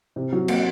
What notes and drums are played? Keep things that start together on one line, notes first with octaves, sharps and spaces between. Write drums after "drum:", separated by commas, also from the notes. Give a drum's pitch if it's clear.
C3
F#3
A#3, drum: cymbal